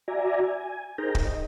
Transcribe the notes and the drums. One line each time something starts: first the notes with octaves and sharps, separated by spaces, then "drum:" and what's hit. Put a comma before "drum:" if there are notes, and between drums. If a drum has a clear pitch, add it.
F#4 D5 E5 G#5 A#5
G#5
D#4 G#4 A#4 C5 G5 A#5
drum: kick
D#5